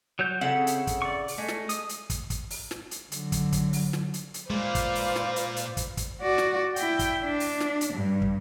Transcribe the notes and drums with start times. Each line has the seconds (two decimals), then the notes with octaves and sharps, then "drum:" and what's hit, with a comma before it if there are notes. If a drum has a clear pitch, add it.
0.19 F#3 C#5 G6
0.41 C#3 C4 E4 A4 C#5 F#5
0.67 drum: hi-hat
0.87 drum: kick, hi-hat
1.02 D5 C#6
1.28 drum: open hi-hat
1.38 G#3 A3
1.48 drum: snare
1.69 D#6, drum: hi-hat
1.89 drum: hi-hat
2.10 drum: kick, hi-hat
2.30 drum: kick, hi-hat
2.50 drum: open hi-hat
2.71 drum: snare
2.91 drum: hi-hat
3.12 D3 F#3, drum: hi-hat
3.32 drum: kick, hi-hat
3.52 drum: kick, hi-hat
3.73 drum: open hi-hat
3.93 drum: snare
4.14 drum: hi-hat
4.34 drum: hi-hat
4.50 A#2 G#3 B4 C5 D5 F5
4.75 drum: kick, hi-hat
4.95 drum: open hi-hat
5.16 drum: snare
5.36 drum: hi-hat
5.56 drum: hi-hat
5.77 drum: kick, hi-hat
5.97 drum: kick, hi-hat
6.21 F#4 D5
6.38 drum: snare
6.76 E4 G5, drum: hi-hat
6.99 drum: kick, hi-hat
7.24 D4
7.40 drum: open hi-hat
7.60 drum: snare
7.81 drum: hi-hat
7.94 G2
8.22 drum: kick